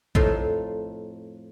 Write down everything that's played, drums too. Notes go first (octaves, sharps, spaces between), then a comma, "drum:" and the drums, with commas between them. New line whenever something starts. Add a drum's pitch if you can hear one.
F2 A2 D#4 F4 A4, drum: kick A#1